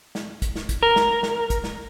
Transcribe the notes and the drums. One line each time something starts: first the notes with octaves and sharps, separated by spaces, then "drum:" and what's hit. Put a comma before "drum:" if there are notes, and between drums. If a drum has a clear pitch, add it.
drum: snare
drum: kick, hi-hat
drum: snare
drum: kick, hi-hat
A#4
drum: snare
drum: snare
drum: kick, hi-hat
drum: snare